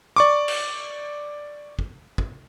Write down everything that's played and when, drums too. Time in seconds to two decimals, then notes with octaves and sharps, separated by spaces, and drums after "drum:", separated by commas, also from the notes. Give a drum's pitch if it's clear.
0.16 D5 C#6 D6
0.48 drum: cymbal
1.79 drum: kick
2.18 drum: kick